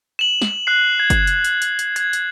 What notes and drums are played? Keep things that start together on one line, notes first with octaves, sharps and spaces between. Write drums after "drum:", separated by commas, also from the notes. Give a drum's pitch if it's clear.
E7 F#7
drum: snare
F#6 C7
G#6
drum: kick, hi-hat
drum: hi-hat
drum: hi-hat
drum: hi-hat
drum: hi-hat
G#6, drum: hi-hat
drum: hi-hat